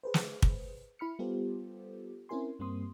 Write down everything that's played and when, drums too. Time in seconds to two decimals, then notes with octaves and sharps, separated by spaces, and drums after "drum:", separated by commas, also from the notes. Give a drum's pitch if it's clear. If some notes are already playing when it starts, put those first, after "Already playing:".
0.03 G#4 B4 C5
0.14 drum: snare
0.42 drum: kick
0.99 E4 B5 F6 C#7
1.19 G3 B3 F4 G4 A4 C5
2.29 C4 C#4 E4 A#4 G#5 C6
2.59 G2 G3 A#3 C4 C6 D#6